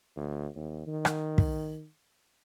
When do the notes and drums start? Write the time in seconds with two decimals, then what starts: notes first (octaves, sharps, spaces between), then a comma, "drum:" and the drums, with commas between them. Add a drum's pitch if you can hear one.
0.16 D2
0.55 D#2
0.87 D#3
1.05 drum: rim click
1.38 drum: kick